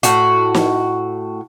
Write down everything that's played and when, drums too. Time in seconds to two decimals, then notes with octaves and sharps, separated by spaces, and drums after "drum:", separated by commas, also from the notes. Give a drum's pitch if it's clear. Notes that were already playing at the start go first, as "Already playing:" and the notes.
0.03 A2 F#4, drum: hi-hat
0.54 drum: snare